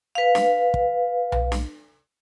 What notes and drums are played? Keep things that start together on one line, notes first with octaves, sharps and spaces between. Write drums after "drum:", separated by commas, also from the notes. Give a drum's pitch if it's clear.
B4 F5
drum: snare
drum: kick
drum: tom B1
drum: snare